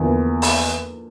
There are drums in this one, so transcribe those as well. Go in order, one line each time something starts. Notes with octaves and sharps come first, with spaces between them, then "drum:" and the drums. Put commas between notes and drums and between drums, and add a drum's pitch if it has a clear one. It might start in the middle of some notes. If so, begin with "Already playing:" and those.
Already playing: E2 D3 F3 A#3
drum: open hi-hat